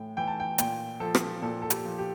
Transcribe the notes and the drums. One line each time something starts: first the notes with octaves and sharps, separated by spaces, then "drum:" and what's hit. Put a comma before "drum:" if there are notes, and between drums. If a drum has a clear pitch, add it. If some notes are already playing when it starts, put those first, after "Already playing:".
Already playing: A2 E3 G5
E3 G5
A5
G5
A#2 G5, drum: hi-hat
F3 A4
drum: rim click
A#2 A4
A4
G4, drum: hi-hat
F3
G4